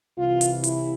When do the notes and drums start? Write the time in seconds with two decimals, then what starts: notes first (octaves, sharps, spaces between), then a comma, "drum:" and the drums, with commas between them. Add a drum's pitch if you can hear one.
0.18 C2 C3 E3 F4
0.41 drum: hi-hat
0.64 E4, drum: hi-hat